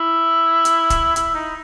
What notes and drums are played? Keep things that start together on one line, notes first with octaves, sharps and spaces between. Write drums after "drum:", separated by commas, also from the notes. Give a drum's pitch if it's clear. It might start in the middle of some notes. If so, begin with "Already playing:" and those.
Already playing: E4
drum: hi-hat
drum: kick, hi-hat
E4, drum: hi-hat
D#4